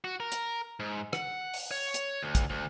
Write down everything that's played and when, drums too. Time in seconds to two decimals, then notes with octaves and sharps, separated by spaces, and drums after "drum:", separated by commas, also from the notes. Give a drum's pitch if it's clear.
0.04 F#4
0.20 A#4
0.32 drum: hi-hat
0.80 G#2
1.13 F#5, drum: rim click
1.54 drum: open hi-hat
1.71 C#5
1.94 drum: hi-hat
2.23 D2
2.35 drum: kick, hi-hat
2.50 D2